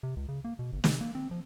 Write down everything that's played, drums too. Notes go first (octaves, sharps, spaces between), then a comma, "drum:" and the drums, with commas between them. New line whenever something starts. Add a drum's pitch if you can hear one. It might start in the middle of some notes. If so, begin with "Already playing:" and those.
C3
C#2
C#3
A#3
B2
G1
C3, drum: snare
A#3
C4
F3